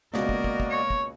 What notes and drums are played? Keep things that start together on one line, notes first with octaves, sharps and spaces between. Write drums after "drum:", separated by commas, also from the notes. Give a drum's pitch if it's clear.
C#2 B2 A#3 F#4 A#4 D5 D#5, drum: snare
drum: kick
drum: kick
drum: kick
C#5
drum: kick